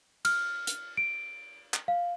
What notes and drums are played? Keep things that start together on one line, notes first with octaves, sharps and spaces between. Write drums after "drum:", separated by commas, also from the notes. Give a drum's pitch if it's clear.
F6, drum: cymbal
drum: hi-hat
D7
drum: clap
F5